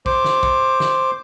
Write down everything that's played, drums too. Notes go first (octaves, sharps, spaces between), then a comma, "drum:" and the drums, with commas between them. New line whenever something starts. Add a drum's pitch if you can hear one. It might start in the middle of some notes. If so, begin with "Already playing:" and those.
C5 D6, drum: kick
drum: snare
drum: kick
drum: snare